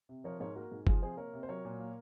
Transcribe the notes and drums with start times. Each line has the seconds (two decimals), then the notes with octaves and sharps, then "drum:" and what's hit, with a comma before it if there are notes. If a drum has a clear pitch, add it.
0.09 C3
0.24 F3 A#4 C#5
0.40 G#2 A#4 C#5
0.56 A#3 F#4 A#4
0.71 G#2
0.87 F3 F4 G#4, drum: kick F#1
1.02 C3 G#4 C5
1.17 A#3 A#4 C#5
1.33 C3
1.43 C5
1.49 F#3 A#4 C#5
1.65 A#2
1.80 A#3